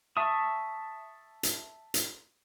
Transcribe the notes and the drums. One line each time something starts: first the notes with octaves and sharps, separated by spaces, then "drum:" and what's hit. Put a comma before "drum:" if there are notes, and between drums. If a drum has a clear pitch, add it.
E5 A5 C#6 D#6
drum: hi-hat
drum: hi-hat